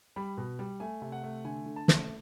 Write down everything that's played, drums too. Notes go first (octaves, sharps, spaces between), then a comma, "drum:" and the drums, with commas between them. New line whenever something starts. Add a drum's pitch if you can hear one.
G3 B5
B2
G3
A3 G#5
C3
F#5
A3
D3 G#5
D3
A5
A3, drum: snare